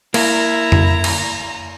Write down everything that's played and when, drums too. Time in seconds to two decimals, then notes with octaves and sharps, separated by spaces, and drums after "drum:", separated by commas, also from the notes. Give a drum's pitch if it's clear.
0.14 A#3 E4 A#5, drum: cymbal
0.72 drum: tom F2
1.04 drum: cymbal